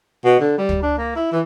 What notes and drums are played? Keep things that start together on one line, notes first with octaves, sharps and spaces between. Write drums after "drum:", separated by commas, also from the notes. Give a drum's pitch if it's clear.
B2
D3
G3
drum: kick
D4
A#3
E4
E3